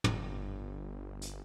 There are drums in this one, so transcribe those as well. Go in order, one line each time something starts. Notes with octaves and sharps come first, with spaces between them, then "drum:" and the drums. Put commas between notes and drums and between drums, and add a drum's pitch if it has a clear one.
G1, drum: tom
drum: hi-hat